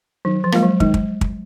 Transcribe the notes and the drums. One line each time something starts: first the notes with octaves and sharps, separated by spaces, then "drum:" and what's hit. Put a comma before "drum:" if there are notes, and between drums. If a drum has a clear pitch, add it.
D#3 F#3
F3
G#3 A#3 F4, drum: rim click
F#3
D#3 G#3, drum: kick
drum: kick
drum: kick